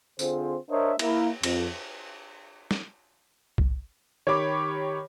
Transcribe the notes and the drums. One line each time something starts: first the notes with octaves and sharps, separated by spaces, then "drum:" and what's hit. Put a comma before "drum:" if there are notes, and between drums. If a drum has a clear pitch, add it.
D3 C4 F4 G#4 C5, drum: tambourine
D4 A#4 C5 C#5 D#5 E5
A#3 E4, drum: cymbal
F2, drum: cymbal
drum: snare
drum: kick C2
D#3 G4 C#5 B5 D6